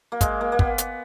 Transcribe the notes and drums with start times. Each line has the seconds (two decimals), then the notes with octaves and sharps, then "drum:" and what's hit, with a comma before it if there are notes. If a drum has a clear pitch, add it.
0.12 A#3
0.21 G#3, drum: kick, hi-hat
0.41 A#3
0.52 A#3
0.59 B3, drum: kick
0.78 drum: hi-hat